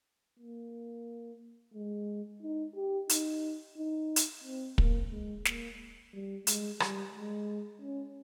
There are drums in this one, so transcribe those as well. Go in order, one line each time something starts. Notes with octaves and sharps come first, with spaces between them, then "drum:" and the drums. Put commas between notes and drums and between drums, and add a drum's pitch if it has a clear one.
A#3
G#3
D#4
G4
D#4, drum: hi-hat
D#4
drum: hi-hat
C4
A#3, drum: kick
G#3
A#3, drum: snare
G3
G#3, drum: hi-hat
G3, drum: rim click
G#3
C#4